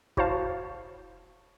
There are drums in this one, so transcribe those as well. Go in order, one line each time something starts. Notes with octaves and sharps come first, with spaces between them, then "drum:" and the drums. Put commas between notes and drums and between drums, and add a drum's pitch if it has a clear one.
E4 F#4 C5 C#5 F5 A5, drum: kick